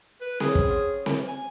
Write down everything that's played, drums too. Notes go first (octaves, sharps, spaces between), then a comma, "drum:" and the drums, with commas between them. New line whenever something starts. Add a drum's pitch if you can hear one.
B4
C4 C#4 E4 G#4, drum: snare C4
drum: kick
F#3 F4
drum: snare C4
G#5